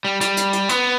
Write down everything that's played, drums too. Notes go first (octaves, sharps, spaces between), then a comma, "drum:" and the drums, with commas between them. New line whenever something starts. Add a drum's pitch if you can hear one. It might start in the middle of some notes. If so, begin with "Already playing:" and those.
G3
G3, drum: hi-hat
drum: hi-hat
drum: hi-hat
B3, drum: hi-hat